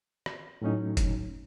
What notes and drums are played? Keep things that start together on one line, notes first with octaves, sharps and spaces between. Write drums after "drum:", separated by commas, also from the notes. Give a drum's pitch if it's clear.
drum: rim click
A2 F#3 C#4 D#4
drum: kick, hi-hat